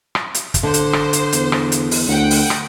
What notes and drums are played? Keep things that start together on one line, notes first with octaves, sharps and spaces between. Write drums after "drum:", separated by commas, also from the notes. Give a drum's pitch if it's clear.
drum: rim click
drum: hi-hat
drum: kick, hi-hat
D3 C5
drum: hi-hat
drum: rim click
drum: hi-hat
E2, drum: hi-hat
drum: rim click
drum: hi-hat
drum: open hi-hat
D2 F#5 G5
drum: open hi-hat
drum: rim click